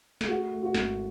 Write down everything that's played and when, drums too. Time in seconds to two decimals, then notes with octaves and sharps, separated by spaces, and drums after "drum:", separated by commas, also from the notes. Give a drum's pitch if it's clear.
0.21 G#4, drum: snare
0.28 A3 F#4
0.52 A3
0.63 F#4
0.74 G#1, drum: snare